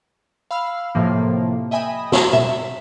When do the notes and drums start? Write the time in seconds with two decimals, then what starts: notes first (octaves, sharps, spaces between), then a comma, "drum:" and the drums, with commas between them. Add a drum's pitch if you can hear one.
0.51 F5 B5 E6 F6
0.95 A2 C3 F3 A#3
1.71 D#5 E5 G5 G#5 B5 D#6
2.12 drum: snare
2.33 E5, drum: tom